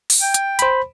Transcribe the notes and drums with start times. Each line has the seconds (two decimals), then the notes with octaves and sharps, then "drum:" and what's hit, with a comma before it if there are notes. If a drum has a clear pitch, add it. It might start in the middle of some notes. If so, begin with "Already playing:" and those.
0.10 drum: open hi-hat
0.22 G5
0.34 drum: hi-hat
0.59 C5 B5, drum: hi-hat